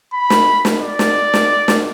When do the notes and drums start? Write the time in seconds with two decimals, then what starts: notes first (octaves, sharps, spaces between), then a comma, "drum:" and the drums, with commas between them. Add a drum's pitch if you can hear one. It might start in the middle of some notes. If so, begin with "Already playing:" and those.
0.13 B5
0.30 drum: snare
0.65 drum: snare
0.82 D5
0.99 drum: snare
1.34 drum: snare
1.68 drum: snare